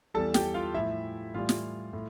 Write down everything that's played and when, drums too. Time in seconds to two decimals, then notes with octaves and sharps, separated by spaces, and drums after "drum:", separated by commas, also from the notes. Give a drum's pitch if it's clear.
0.14 E2 E3 G3 A4 A5
0.34 G4 G5, drum: snare
0.54 F4 F5
0.74 A2 F3 E4 E5
1.34 A2 E3 G3 F4 F5
1.49 drum: snare
1.93 A2